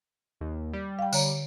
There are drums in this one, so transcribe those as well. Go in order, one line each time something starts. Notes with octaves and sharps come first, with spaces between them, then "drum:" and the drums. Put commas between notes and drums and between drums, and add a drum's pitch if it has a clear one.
D#2
G3
F5 G5
D3 C#5 A#5, drum: tambourine